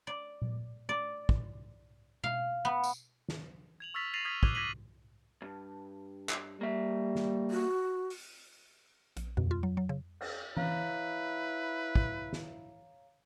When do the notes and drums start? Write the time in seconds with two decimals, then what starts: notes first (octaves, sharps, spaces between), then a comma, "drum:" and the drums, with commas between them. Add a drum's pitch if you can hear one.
0.07 D5
0.42 drum: tom A#2
0.89 D5
1.29 drum: kick
2.24 F5, drum: tom B2
2.65 B3
2.84 drum: tambourine
3.28 drum: snare
3.80 G#6 F7 F#7
3.94 C#6 E6 F6 A6 B6 F7
4.14 A6 A#6 C7 D#7 F7 F#7
4.25 D#6 F6 G#6 B6
4.43 D6 F#6 G#6 D#7 F#7 G7, drum: kick
4.55 D6 G#6 A#6 B6 D#7 F#7
5.42 G2
6.29 drum: clap
6.61 G3 A#3 E5
7.15 drum: snare
7.51 F#4
8.10 drum: open hi-hat
9.17 A#1, drum: hi-hat
9.37 B2, drum: tom F2
9.51 F4
9.63 F#3
9.77 F#3
9.89 C#3
10.20 drum: cymbal
10.57 E4 B4 C#5 F5 A#5, drum: tom E3
11.95 drum: kick
12.33 drum: snare